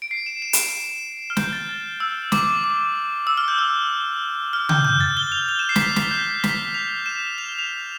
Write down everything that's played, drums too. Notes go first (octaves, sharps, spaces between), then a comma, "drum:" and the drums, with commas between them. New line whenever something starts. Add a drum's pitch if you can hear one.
D7
C7
E7
E7
drum: hi-hat
F6
G6, drum: snare
A6
A6
E6
D6, drum: snare
D6
E6
F6
G6
E6
F6
G6, drum: tom C#3
G6
A6
G7
F7
F7
E7
C7
B6, drum: snare
C7
B6, drum: snare
G6
B6, drum: snare
F7
E7
F7
G7
F7